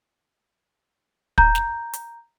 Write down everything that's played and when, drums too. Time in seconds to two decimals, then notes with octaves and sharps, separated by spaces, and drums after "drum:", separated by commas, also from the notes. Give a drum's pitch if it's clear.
1.38 A#5 G6, drum: kick
1.55 drum: snare
1.93 drum: hi-hat